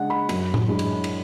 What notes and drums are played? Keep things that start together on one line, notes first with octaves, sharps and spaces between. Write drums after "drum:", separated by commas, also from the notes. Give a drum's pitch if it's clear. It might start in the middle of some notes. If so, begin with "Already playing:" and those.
Already playing: C#3 G#3 D4 F#5
B5
F#2, drum: cymbal
drum: tom A2
E3 G#3 D4
drum: cymbal
drum: cymbal